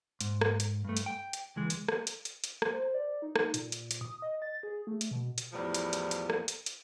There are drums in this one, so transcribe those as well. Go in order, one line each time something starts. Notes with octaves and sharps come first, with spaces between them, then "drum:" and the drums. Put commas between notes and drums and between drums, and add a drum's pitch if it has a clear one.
G#2, drum: hi-hat
drum: rim click
drum: hi-hat
G2 A3
drum: hi-hat
G5
drum: hi-hat
C#2 E3 G#3
drum: hi-hat
drum: rim click
drum: hi-hat
drum: hi-hat
drum: hi-hat
drum: rim click
C5
D5
D#4
drum: rim click
A#2, drum: hi-hat
drum: hi-hat
drum: hi-hat
D#6
D#5
A6
G#4
A3
drum: hi-hat
B2
drum: hi-hat
E2 A2 F3 G3
drum: hi-hat
drum: hi-hat
drum: hi-hat
drum: rim click
drum: hi-hat
drum: hi-hat